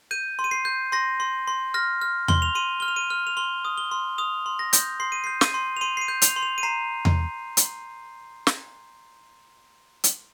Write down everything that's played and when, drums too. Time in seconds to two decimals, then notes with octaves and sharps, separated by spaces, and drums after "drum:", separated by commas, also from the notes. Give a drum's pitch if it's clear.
0.11 G6 D#7
0.39 C6
0.44 D#7
0.51 C7
0.65 G6
0.92 C6 A#6
1.20 C6
1.47 C6
1.74 F6 A#6
2.01 F6
2.28 C6 G7, drum: tom E2
2.42 F7
2.55 C6 D#7
2.80 F6 G7
2.88 F7
2.96 D#7
3.10 F6
3.27 F7
3.37 C6 G7
3.65 D#6
3.78 G7
3.91 C6
4.18 D#6 F7
4.46 C6
4.59 A#6
4.73 G6, drum: hi-hat
5.00 C6 C7
5.12 D#7
5.24 C7
5.27 G6
5.41 D#7, drum: snare
5.54 C6
5.77 F7
5.81 C6 D#7
5.97 C7
6.01 D#7
6.08 G6
6.22 F7, drum: hi-hat
6.36 C6
6.43 F7
6.58 D#7
6.63 A#5 C7
7.05 drum: tom E2
7.57 drum: hi-hat
8.47 drum: snare
10.04 drum: hi-hat